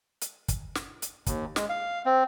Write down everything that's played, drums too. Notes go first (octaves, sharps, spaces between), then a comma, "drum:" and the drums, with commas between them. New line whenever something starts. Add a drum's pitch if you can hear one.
drum: hi-hat
drum: kick, hi-hat
drum: snare
drum: hi-hat
D#2, drum: kick, hi-hat
G#3, drum: snare
F5
C4